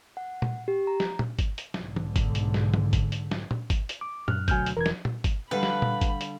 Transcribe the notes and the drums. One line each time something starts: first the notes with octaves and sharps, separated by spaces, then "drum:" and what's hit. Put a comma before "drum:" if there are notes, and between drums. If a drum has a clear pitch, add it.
F#5
drum: tom
G4
A#5
drum: snare
drum: tom
drum: kick G1, hi-hat
drum: hi-hat
B1 G#2 D3, drum: snare
drum: tom
drum: kick G1, hi-hat
drum: hi-hat
drum: snare
drum: tom
drum: kick G1, hi-hat
drum: hi-hat
drum: snare
drum: tom
drum: kick G1, hi-hat
drum: hi-hat
D6
F#2 F6 F#6, drum: tom
D2 B2 F#3 G#5 F6 G6, drum: kick G1, hi-hat
drum: hi-hat
E1 E3 A#4 G#6
drum: snare
drum: tom
drum: kick G1, hi-hat
D3 G3 A4 B4 F5 F#5 B5
drum: snare
drum: tom
drum: kick G1, hi-hat
drum: hi-hat